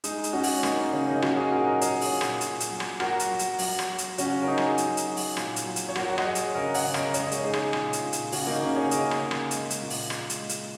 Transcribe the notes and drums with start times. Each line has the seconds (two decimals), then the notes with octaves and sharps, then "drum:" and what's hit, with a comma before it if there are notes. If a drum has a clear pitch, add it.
0.04 G#3 D#4 G#4, drum: hi-hat
0.24 drum: hi-hat
0.33 G#3 C#4 F#4
0.43 drum: open hi-hat
0.63 G#3 A#3 D#4, drum: rim click
0.78 C#4
0.92 C#3 G#4 C#5
1.07 A#3 D#4
1.22 F#3 C#4 F#4, drum: rim click
1.36 D#4 G#4
1.51 A#2 F#4 A#4
1.66 A#4 D#5
1.81 A#2 G#4 C#5, drum: hi-hat
2.01 drum: open hi-hat
2.11 A#2
2.21 drum: rim click
2.41 A#2, drum: hi-hat
2.60 drum: hi-hat
2.70 F#3
2.80 drum: rim click
3.00 F#3 F#4 A#4, drum: rim click
3.20 drum: hi-hat
3.30 F#3
3.39 drum: hi-hat
3.59 F#3, drum: open hi-hat
3.79 drum: rim click
3.89 F#3
3.98 drum: hi-hat
4.18 C#3 C#4 F#4, drum: hi-hat
4.42 A#4
4.48 F#3 D#4 G#4
4.58 drum: rim click
4.78 F#3, drum: hi-hat
4.97 drum: hi-hat
5.07 F#3
5.17 drum: open hi-hat
5.37 A#2, drum: rim click
5.56 drum: hi-hat
5.66 F#3
5.76 drum: hi-hat
5.89 C#5
5.95 F#3 F#4 A#4, drum: rim click
6.09 F#5
6.18 D#5, drum: rim click
6.25 F#3 G#4 C#5
6.35 drum: hi-hat
6.55 C#3 A#4 D#5
6.74 C#5 F#5, drum: open hi-hat
6.84 C#3
6.94 A#4 D#5, drum: rim click
7.14 G#3 C#5, drum: hi-hat
7.23 D#5
7.31 G#4 C#5, drum: hi-hat
7.44 G#3 D#4 G#4
7.53 drum: rim click
7.73 A#2, drum: rim click
7.93 drum: hi-hat
8.03 A#2
8.13 drum: hi-hat
8.32 C#3 C#4 F#4, drum: open hi-hat
8.47 A#3 D#4
8.62 C#3 C#4
8.76 G#4 C#5
8.91 C#3 A#4 D#5, drum: hi-hat
9.11 drum: rim click
9.21 C#3
9.31 drum: rim click
9.51 G#3, drum: hi-hat
9.70 drum: hi-hat
9.81 A#2
9.90 drum: open hi-hat
10.10 G#3, drum: rim click
10.30 drum: hi-hat
10.39 G#3
10.49 drum: hi-hat